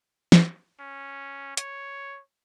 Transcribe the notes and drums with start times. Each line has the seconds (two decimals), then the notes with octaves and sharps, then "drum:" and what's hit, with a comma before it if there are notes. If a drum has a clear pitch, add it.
0.32 drum: snare
0.80 C#4
1.57 C#5, drum: hi-hat